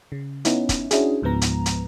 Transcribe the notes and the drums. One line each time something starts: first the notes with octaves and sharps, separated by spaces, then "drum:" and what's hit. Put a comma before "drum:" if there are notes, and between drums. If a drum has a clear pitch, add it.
C#3
B3 C#4 D#4 E4, drum: hi-hat
drum: kick, hi-hat
C#4 D4 E4 F#4 G#4, drum: hi-hat
C#2 G#2 F3 B3 A#5
drum: hi-hat
drum: hi-hat